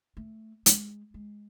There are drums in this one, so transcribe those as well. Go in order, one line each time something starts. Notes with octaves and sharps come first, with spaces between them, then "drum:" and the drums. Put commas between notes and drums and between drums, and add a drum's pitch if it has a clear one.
A3
G#3, drum: hi-hat
G#3